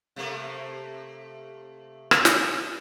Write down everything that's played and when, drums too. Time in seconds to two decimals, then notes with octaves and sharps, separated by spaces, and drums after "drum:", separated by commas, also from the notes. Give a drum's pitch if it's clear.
0.16 C3 A3 A#3
2.11 drum: rim click
2.25 drum: snare